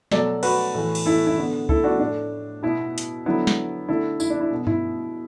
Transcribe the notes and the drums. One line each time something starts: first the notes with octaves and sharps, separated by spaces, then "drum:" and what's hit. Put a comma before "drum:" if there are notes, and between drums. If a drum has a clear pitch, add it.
B2 F#3 A3 A4 D5, drum: snare
F#4 B4, drum: cymbal
A2 E3 A3
drum: cymbal
E4 A4
E4
D3 B3
E4 A4, drum: kick C#2
D4 F#4
A2 A3 D4
B2 B3 E4
drum: hi-hat
D3 F#3 B3 E4
drum: snare
D3 A3 E4 A4
E4, drum: tambourine
D4
E4
B2 B3
E4, drum: tom G2